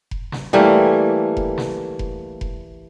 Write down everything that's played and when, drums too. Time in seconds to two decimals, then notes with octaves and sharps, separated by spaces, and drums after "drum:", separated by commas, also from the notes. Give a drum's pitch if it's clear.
0.11 drum: kick F1
0.32 drum: snare
0.53 E3 G3 A3 A#3
1.37 drum: kick F1
1.58 drum: snare
1.99 drum: kick F1
2.41 drum: kick F1